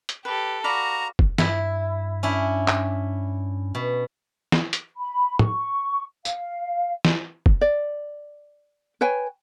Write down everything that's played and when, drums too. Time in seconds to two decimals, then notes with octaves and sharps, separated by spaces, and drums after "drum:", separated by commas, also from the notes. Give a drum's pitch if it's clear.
0.09 drum: hi-hat
0.25 G4 A4 B4
0.64 F#4 D5 F5 A#5 B5
1.19 drum: kick
1.38 G2 E4, drum: snare
2.23 C#4 D4 E4
2.68 drum: clap
3.75 B2
4.52 drum: snare
4.73 drum: hi-hat
4.98 B5
5.39 C#6, drum: tom
6.25 F5, drum: tambourine
7.05 drum: snare
7.46 drum: kick
7.61 D5
9.01 B4 C#5 G5 G#5